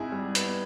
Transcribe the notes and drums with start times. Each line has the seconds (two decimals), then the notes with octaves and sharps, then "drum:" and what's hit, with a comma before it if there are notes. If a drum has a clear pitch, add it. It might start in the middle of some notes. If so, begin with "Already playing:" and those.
Already playing: G#1 E4 G#4
0.12 G3
0.35 B3, drum: hi-hat